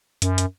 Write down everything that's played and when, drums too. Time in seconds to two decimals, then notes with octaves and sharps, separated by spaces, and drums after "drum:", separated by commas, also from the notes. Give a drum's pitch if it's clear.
0.22 F#2, drum: hi-hat
0.38 drum: hi-hat